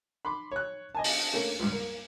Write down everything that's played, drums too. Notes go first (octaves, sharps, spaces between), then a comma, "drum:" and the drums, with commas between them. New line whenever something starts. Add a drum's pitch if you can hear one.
B5 C6 D6
C#5 F#6
D#5 G#5 A5
drum: open hi-hat
A3 A#3 C#4
C#2 G2
A#3